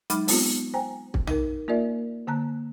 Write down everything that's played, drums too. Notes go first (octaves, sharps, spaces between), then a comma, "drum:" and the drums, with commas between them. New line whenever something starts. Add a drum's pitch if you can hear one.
F#3 G#3 D#4 B5 D6 F6, drum: hi-hat
G#3 B3 C4 F4, drum: open hi-hat
C5 G5 G#5 A#5
drum: kick
D#4 A#4, drum: tom
A#3 F4 A#4 D5 E5
D3 A#3 A5 A#5 F#6